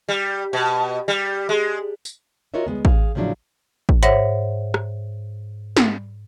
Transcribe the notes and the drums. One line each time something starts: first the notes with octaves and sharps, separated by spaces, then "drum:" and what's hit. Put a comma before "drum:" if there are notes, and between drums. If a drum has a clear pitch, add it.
G3
B2
G3
G#3
drum: tambourine
F4 F#4 A#4 C#5 D#5 E5
D2 E3 G#3 B3
G#4 F5, drum: kick A1
A2 C#3 F3 F#3 D4 E4
drum: kick A1
G#2 C5 C#5 E5 F#5 A#6, drum: hi-hat
drum: rim click
drum: snare